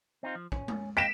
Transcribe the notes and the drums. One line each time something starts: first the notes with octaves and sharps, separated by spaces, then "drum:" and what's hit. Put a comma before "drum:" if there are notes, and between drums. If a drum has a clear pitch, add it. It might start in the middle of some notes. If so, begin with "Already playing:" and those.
C4 D#4 F4
F3
C#4, drum: kick
drum: tom G#3
D#5 F5 G5 B6 D7 E7